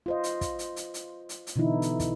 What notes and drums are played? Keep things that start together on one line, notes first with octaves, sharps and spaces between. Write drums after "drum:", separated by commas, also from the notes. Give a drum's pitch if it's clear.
F4 C5 D#5
drum: hi-hat
drum: kick, hi-hat
drum: hi-hat
drum: hi-hat
drum: hi-hat
drum: hi-hat
drum: hi-hat
B2 D3 E3 D#4 E4
drum: hi-hat
drum: kick, hi-hat